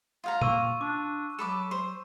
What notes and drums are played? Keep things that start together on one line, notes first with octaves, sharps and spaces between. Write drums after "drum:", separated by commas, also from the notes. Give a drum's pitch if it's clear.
F4 F5 A#5
A#3 C#6 E6 D#7, drum: tom A#2
D4 D6
F#3 A4 B4 D6 E7
C5